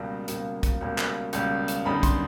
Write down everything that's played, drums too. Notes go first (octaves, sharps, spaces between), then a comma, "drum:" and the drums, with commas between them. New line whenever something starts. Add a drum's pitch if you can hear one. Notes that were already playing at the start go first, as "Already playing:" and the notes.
Already playing: C#2 B2 G3 A#3 A#5
C#2 B2 G3 A#3, drum: hi-hat
drum: kick, hi-hat
C#2 B2 G3 A#3
drum: clap
C#2 B2 G3 A#3, drum: hi-hat
drum: hi-hat
F#2 D3 G3 B3 D#4 B5
C6, drum: kick, hi-hat